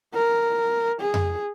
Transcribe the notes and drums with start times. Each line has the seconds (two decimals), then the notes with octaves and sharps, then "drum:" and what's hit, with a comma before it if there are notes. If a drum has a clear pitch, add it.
0.14 A#4
1.00 G#4
1.14 drum: tom F2